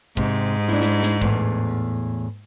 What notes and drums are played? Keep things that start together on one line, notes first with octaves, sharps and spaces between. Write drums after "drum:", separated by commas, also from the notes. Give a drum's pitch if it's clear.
G#2 C3, drum: kick
D4 E4
drum: snare
drum: snare
E2 A2, drum: kick